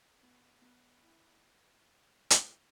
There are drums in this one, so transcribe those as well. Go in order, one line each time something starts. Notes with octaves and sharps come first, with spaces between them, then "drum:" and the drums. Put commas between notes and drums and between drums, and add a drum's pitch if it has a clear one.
B3
B3
E4
drum: hi-hat